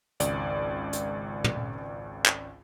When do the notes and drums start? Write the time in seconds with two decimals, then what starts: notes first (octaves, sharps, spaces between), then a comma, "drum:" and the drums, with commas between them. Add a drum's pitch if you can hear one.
0.20 G#1 C#2 D5, drum: hi-hat
0.93 drum: hi-hat
1.44 drum: tom
2.26 drum: clap